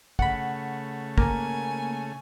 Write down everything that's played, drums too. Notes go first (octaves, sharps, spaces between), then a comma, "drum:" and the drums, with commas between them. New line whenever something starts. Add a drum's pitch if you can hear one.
C#3 A3 F#5 B5, drum: kick
A#3 G#5, drum: kick